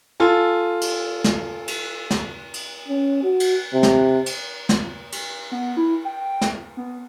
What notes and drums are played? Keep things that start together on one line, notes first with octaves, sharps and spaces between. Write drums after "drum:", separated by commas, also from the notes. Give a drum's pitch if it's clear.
F4 A4 G#5
drum: cymbal
drum: snare
drum: cymbal
drum: snare
drum: cymbal
C#4
F#4
drum: cymbal
C3
drum: snare
drum: cymbal
drum: snare
drum: cymbal
B3
E4
G5
drum: snare
B3